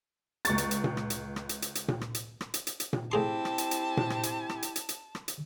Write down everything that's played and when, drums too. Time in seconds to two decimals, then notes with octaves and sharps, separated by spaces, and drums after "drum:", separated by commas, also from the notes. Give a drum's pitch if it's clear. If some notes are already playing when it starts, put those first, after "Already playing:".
0.45 C#2 C#6 A6, drum: hi-hat
0.58 drum: hi-hat
0.71 drum: hi-hat
0.84 drum: tom A#2
0.97 drum: rim click
1.10 drum: hi-hat
1.36 drum: rim click
1.49 drum: hi-hat
1.62 drum: hi-hat
1.75 drum: hi-hat
1.88 drum: tom A#2
2.01 drum: rim click
2.14 drum: hi-hat
2.41 drum: rim click
2.54 drum: hi-hat
2.67 drum: hi-hat
2.80 drum: hi-hat
2.93 drum: tom A#2
3.12 A2 C4 E4 G4 G#4 A5 C6
3.45 drum: rim click
3.58 drum: hi-hat
3.71 drum: hi-hat
3.97 drum: tom A#2
4.10 drum: rim click
4.23 drum: hi-hat
4.49 drum: rim click
4.63 drum: hi-hat
4.76 drum: hi-hat
4.89 drum: hi-hat
5.15 drum: rim click
5.28 drum: hi-hat